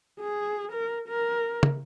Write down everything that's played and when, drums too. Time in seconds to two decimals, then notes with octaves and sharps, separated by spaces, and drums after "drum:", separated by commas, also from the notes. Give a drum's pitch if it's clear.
0.20 G#4
0.72 A#4
1.08 A#4
1.63 drum: tom